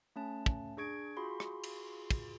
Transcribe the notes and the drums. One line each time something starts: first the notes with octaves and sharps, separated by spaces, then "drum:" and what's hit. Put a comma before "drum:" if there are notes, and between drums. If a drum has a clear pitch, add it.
A3 C#4 A5
drum: kick
D4 G#4 C#6 G#6 D7
F4 F#4 G#4 B5 C6
drum: rim click
drum: cymbal
drum: kick, cymbal